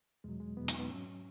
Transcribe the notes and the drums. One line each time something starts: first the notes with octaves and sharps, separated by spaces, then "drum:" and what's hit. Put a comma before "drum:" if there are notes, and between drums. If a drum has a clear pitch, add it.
E2 B2 F#3 G#3
G#3
E2 B2 F#3 B3
D#4, drum: hi-hat
B3
G#2 F#3 C#4